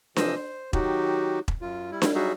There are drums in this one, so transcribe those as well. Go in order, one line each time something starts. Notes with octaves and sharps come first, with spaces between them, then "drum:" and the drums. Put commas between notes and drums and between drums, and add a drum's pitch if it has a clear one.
C3 E3 F3 C5 D#5 E6, drum: snare D4
C5
D#3 F#3 D#4 F#4 G4, drum: kick E1
drum: kick E1
F#2 F4
G3 E4
drum: snare D4
F#3 G3 D#4 F#4 G#4 E5